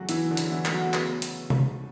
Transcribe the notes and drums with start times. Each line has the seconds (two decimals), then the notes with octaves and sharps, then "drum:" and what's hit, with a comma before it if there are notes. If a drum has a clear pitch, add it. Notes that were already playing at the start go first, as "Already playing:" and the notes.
Already playing: E2 C#3 F#3 A3 F#4
0.09 E3 E4, drum: hi-hat
0.31 D3 D4
0.37 C#3, drum: hi-hat
0.52 E3 E4
0.65 A3, drum: clap
0.72 F#3 F#4
0.94 C#3 B3 B4, drum: clap
1.22 drum: hi-hat
1.50 drum: tom C3